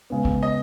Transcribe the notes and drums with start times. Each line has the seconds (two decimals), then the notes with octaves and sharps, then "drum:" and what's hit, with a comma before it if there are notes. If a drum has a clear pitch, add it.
0.10 C#2 C#3 G#3 B3
0.25 drum: kick
0.43 D#5